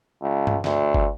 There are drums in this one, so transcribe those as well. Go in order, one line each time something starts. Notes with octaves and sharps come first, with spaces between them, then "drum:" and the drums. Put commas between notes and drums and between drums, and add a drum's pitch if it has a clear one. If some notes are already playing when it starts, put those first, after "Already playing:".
C#2
drum: tom G2
D2, drum: snare
drum: kick G1